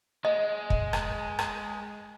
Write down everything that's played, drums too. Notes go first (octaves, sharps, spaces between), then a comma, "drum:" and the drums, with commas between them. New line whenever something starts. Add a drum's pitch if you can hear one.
G#3 D#5
drum: kick
drum: rim click
drum: rim click